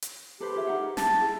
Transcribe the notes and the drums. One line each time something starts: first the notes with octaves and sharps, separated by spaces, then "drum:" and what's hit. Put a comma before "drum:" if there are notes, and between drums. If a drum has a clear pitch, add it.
drum: hi-hat
G4 A4 B4 C5
F4 G#4 E5
D#4 A#4 F#5
A5, drum: snare
E4 G#4